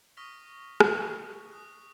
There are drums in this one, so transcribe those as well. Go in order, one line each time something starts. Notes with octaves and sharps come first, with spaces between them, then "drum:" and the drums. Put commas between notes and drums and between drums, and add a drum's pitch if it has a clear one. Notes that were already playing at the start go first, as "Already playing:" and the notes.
C#6 D#6 F6 A#6 B6 F7
drum: rim click
D#6 F#6